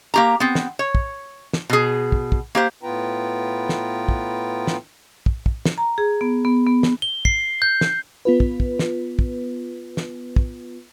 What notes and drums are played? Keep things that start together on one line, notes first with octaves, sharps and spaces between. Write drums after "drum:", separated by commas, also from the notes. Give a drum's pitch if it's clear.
A#3 G4 A#5
B3 C4
drum: snare
C#5
drum: kick
drum: snare
B2 G#4
drum: kick
drum: kick
A#3 G4 C5
A2 B3 F4 B4 G5 A#5
drum: snare
drum: kick
drum: snare
drum: kick
drum: kick
drum: snare
A#5
G#4
B3
B3
B3
drum: snare
G7
C7, drum: kick
G6
drum: snare
B3 F4 B4
drum: kick
drum: kick
drum: snare
drum: kick
drum: snare
drum: kick